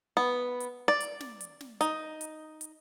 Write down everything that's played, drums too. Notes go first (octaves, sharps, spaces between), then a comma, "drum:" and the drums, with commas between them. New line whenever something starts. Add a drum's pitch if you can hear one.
B3
drum: hi-hat
D5
drum: hi-hat
drum: snare
drum: hi-hat
drum: snare
D#4, drum: hi-hat
drum: hi-hat
drum: hi-hat